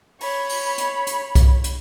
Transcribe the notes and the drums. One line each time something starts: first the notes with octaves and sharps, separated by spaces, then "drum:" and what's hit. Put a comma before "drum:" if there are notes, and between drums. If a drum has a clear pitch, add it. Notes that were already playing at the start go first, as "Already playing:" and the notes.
C#5 B5, drum: open hi-hat
drum: open hi-hat
drum: hi-hat
drum: hi-hat
drum: kick C2, hi-hat
drum: hi-hat